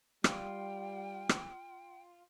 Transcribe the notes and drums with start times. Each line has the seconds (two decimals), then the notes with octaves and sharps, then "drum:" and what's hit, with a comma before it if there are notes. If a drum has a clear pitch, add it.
0.24 G3 F4 G5, drum: rim click
1.29 drum: rim click